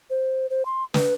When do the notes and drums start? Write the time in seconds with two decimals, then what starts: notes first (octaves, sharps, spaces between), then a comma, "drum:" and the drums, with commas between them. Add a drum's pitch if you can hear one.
0.10 C5
0.50 C5
0.65 C6
0.94 B4, drum: snare